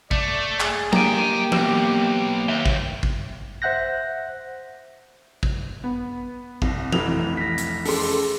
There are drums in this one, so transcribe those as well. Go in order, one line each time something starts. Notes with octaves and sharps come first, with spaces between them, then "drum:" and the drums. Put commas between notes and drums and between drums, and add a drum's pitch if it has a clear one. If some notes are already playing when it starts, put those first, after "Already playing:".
A3 D5, drum: kick
G#4, drum: clap
A#3 G4 G5 A#5, drum: tom F#3
B1, drum: tom E3
D#2 E5 G5
drum: kick
drum: kick
C5 E5 F#5 F#6 G6 A#6
drum: kick
B3
C2, drum: kick
F1 E3 F7, drum: tom E3
A#6 B6
drum: hi-hat
C#4 G#4 A4 C6, drum: open hi-hat